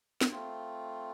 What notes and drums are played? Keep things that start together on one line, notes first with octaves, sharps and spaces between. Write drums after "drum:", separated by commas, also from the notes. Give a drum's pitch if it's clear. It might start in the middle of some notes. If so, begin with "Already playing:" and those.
drum: snare
A3 C4 F4